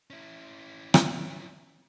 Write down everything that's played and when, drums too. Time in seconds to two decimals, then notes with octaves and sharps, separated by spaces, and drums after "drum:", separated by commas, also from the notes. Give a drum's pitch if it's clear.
0.10 C#4 E4
0.94 drum: rim click